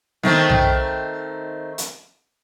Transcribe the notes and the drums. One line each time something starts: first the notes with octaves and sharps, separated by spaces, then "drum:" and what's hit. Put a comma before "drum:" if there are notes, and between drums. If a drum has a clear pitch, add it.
D#3 A3 C4, drum: snare B3
drum: tom B1
drum: hi-hat